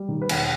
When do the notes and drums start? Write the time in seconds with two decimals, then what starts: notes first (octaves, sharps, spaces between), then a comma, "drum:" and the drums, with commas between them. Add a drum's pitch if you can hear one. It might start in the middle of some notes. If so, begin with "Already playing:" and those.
Already playing: G3
0.09 D#3
0.22 B4
0.29 E1, drum: cymbal